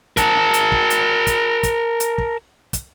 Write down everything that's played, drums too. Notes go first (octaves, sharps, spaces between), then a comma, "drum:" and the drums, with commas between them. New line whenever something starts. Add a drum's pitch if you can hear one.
A#4 A5, drum: kick, hi-hat
drum: hi-hat
drum: kick
drum: hi-hat
drum: kick, hi-hat
drum: kick, hi-hat
drum: hi-hat
drum: kick
drum: kick, hi-hat